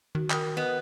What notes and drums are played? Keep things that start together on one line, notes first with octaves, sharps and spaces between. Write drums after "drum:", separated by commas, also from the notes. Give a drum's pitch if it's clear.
D#3 F#4
A#4 G5 D#6, drum: clap
B3 D#5